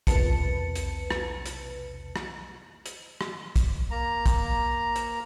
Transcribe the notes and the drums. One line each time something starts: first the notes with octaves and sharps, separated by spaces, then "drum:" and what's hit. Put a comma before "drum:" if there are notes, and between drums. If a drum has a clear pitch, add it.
B1 E2 C3 B4 A5 C#7, drum: kick, hi-hat
drum: hi-hat
drum: rim click
drum: hi-hat
drum: rim click
drum: hi-hat
drum: rim click
drum: kick, hi-hat
A#3 A#5
drum: kick, hi-hat
drum: hi-hat